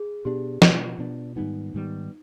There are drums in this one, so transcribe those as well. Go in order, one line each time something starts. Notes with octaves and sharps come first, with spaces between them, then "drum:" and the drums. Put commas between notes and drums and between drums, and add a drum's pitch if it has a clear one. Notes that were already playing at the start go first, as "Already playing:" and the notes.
Already playing: G#4
B2 B3 D4 G4
B2 B3 D4 F4, drum: snare
B2 B3 D4
G#2 D#3 G3 B3 D#4
G#2 D#3 G3 B3